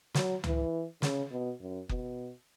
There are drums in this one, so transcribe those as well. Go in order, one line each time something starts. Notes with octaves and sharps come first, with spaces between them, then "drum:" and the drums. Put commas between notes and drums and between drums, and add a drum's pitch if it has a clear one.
F#3, drum: snare
E3, drum: tom
C#3, drum: snare
B2
F#2
B2, drum: kick F#1